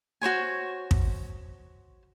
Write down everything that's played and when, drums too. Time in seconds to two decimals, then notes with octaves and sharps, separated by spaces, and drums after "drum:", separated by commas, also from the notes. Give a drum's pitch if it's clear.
0.22 F#4 C5 C#5 G#5
0.91 drum: kick